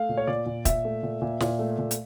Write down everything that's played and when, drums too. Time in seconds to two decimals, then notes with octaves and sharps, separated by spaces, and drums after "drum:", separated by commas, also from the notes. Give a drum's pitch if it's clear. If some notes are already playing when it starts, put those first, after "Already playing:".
Already playing: A3 F5
0.09 A#2
0.17 C#5
0.27 A#2 D5
0.46 A#2
0.65 A#2 E5, drum: kick, hi-hat
0.85 A3
1.03 A#2
1.22 A#2
1.40 A#2, drum: snare
1.59 A3
1.78 A#2
1.91 drum: hi-hat